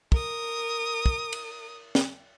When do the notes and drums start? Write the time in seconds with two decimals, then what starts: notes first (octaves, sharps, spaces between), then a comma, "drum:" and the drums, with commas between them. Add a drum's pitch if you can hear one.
0.12 A#4 D#6, drum: kick
1.06 drum: kick
1.33 drum: cymbal
1.95 drum: snare